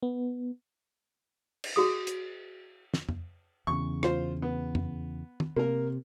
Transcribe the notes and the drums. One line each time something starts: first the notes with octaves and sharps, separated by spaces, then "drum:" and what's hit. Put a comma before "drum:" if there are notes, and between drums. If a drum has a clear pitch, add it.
B3
drum: cymbal
F#4 G#4 D#6
drum: hi-hat
drum: snare
drum: tom F2
E2 C#3 C#6
F4 C5, drum: rim click
B3
drum: tom F2
drum: tom
C3 A#3 A#4